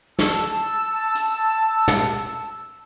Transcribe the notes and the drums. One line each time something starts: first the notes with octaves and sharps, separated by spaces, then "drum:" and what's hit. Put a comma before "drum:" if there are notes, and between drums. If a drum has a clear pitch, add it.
A5 E6, drum: snare
drum: hi-hat
drum: tom